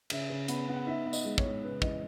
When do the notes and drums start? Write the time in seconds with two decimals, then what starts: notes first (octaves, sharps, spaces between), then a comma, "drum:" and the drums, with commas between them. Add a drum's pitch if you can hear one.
0.10 C#3 E5, drum: cymbal
0.30 C#3
0.48 B3, drum: hi-hat
0.68 B3
0.74 F#5
0.87 D#4 E5
1.06 B3
1.13 D#5, drum: tambourine
1.25 G#3
1.38 C#5, drum: kick
1.45 G#3
1.63 C#3 B4
1.82 E3 D#5, drum: kick